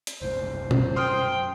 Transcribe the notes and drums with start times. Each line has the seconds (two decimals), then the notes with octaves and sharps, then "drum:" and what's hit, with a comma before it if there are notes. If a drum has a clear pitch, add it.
0.07 drum: hi-hat
0.22 F#1 C2 G#2 C5
0.71 drum: tom B2
0.96 F#2 G5 C6 D#6 F6